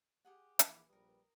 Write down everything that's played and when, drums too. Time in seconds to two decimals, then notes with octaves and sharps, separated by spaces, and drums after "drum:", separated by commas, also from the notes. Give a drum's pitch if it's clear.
0.25 G4 G#4 F#5
0.59 A#1 E3, drum: hi-hat
0.90 A#1 G3 A#4 B4 D#6